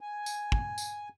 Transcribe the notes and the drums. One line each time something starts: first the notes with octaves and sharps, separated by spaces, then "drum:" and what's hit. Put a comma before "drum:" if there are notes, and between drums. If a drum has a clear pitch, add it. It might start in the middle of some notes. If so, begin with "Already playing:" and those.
G#5
drum: tambourine
drum: kick
drum: tambourine